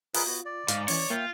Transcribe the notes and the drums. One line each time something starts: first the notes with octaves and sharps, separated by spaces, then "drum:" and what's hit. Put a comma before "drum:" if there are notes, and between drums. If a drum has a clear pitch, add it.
F4 G#4 A#4 B4, drum: open hi-hat
B3 F#4
D5
G#2 F5, drum: hi-hat
E3 C#4 C#5, drum: open hi-hat
A#3 F4 E5 G5